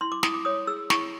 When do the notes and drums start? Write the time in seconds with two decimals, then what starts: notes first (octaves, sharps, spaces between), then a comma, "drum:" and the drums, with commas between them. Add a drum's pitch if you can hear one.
0.01 E4 C6
0.12 D6
0.23 E4 D#6, drum: snare
0.34 D6
0.45 C#5 D#6
0.67 G#4 E6
0.90 E4 C#6, drum: snare